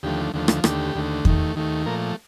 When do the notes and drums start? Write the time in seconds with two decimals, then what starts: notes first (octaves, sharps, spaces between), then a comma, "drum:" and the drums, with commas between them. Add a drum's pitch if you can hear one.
0.03 D#2 D3 F3 A3 G4
0.34 D#2 D3 F3 A3
0.48 drum: rim click
0.64 D#2 D3 A3 G4, drum: rim click
0.95 D#2 D3 A3
1.25 D#2 D#3 A3, drum: kick E2
1.56 D#2 D#3 A3
1.86 A#2 F3 A3 A#4